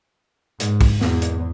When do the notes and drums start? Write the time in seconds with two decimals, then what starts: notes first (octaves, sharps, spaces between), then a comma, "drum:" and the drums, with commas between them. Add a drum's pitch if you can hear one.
0.60 G#2, drum: hi-hat
0.81 drum: kick, open hi-hat
1.01 E2, drum: snare
1.22 drum: hi-hat